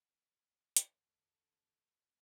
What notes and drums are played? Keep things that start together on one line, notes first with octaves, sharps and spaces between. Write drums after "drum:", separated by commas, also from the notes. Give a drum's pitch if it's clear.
E2 D3 F3 A3, drum: hi-hat